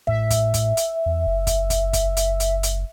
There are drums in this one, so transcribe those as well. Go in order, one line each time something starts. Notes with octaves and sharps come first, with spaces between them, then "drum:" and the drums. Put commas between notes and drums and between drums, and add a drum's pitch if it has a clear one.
A2 E5, drum: kick
drum: kick, hi-hat
drum: kick, hi-hat
drum: hi-hat
E2
F#1
drum: kick, hi-hat
drum: kick, hi-hat
drum: kick, hi-hat
drum: hi-hat
drum: hi-hat
drum: hi-hat